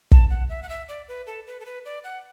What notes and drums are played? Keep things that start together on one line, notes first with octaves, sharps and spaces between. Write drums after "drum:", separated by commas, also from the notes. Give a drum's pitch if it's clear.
A5, drum: kick
F#5
E5
F#5
E5
D5
B4
A4
B4
A4
B4
D5
F#5